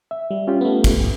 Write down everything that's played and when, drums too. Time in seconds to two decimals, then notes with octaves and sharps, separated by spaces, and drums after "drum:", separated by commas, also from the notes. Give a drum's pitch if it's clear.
0.11 E5
0.31 G3
0.47 C#4 F4 G4
0.61 A3 B3
0.84 drum: kick, cymbal
0.99 G#1 D#2